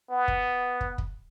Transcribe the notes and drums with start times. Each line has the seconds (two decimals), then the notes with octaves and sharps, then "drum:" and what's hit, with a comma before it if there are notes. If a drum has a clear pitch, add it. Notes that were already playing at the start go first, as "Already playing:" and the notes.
0.10 B3
0.28 drum: kick
0.81 drum: kick
0.98 drum: kick